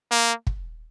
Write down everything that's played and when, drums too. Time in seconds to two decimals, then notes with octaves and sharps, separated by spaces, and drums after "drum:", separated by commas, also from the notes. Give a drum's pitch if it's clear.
0.11 A#3
0.47 drum: kick